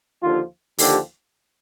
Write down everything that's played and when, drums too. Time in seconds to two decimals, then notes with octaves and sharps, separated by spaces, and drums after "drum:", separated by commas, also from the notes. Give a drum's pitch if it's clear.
0.22 D#2 D3 F3 F4
0.78 D#2 D3 F3 G4, drum: open hi-hat